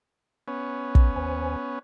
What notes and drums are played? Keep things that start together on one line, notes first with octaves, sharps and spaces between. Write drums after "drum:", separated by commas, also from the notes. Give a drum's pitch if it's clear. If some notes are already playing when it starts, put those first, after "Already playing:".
B3 C#4
drum: kick
D#2 C5 G#5